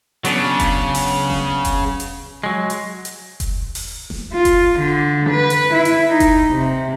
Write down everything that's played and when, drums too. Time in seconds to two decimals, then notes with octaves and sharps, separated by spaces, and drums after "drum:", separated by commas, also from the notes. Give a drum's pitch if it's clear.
0.25 C#3 F#3 B3 D4, drum: hi-hat
0.60 drum: kick F1, hi-hat
0.95 drum: open hi-hat
1.30 drum: snare D#1
1.65 drum: kick F1, hi-hat
2.00 drum: hi-hat
2.44 F#3 G#3
2.70 drum: hi-hat
3.05 drum: hi-hat
3.40 drum: kick F1, hi-hat
3.75 drum: open hi-hat
4.10 drum: snare D#1
4.33 F4
4.45 drum: kick F1, hi-hat
4.80 D3
5.30 B4
5.50 drum: hi-hat
5.71 E4
5.85 drum: hi-hat
6.09 D#4
6.20 drum: kick F1, hi-hat
6.51 C3